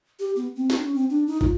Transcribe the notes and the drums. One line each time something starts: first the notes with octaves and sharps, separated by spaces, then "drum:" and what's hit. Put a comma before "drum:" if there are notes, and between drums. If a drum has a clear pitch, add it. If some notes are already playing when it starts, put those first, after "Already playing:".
G4
B3
C4
drum: snare
C#4
C4
D4
D#4
F4, drum: kick